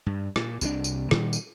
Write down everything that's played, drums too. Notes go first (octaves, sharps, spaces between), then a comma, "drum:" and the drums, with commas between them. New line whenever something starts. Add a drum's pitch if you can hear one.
G2
A#2, drum: rim click
C2 C3 D#3 D4, drum: tambourine
drum: tambourine
A#2 D#3 G3, drum: rim click
drum: tambourine